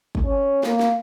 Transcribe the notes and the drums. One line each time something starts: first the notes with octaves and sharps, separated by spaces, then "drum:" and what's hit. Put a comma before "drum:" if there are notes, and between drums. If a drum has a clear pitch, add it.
drum: kick
C#4
A#3, drum: snare
drum: snare